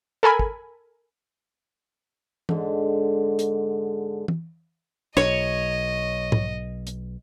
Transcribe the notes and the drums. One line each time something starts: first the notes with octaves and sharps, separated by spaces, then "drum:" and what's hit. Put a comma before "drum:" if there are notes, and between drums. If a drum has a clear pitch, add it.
A4 A#4 G#5 B5
drum: kick
G#2 D3, drum: tom E3
drum: hi-hat
drum: tom E3
B1 C#5 D#5, drum: snare
drum: tom G#2
drum: hi-hat